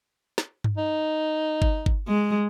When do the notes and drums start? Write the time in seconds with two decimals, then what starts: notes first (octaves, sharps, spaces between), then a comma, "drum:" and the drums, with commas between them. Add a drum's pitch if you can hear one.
0.38 drum: snare
0.64 drum: tom G2
0.78 D#4
1.62 drum: kick G1
1.86 drum: kick G1
2.08 G#3